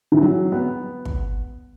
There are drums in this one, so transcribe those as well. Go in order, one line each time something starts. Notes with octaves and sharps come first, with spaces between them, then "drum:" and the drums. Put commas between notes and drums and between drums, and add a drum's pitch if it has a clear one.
E3
F#3
B3
drum: kick